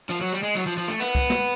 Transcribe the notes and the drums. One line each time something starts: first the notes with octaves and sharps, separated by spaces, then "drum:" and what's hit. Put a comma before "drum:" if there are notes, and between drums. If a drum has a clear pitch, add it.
F3, drum: cymbal
F#3
G3
G#3
F#3, drum: cymbal
F3
F3
A3
B3, drum: cymbal
drum: kick C2
drum: snare